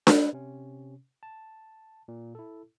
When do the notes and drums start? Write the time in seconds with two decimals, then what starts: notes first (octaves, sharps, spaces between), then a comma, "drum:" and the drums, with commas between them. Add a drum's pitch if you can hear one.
0.07 B4, drum: snare D4
0.33 C3 C#4
1.23 A5
2.08 A#2
2.35 E4 A4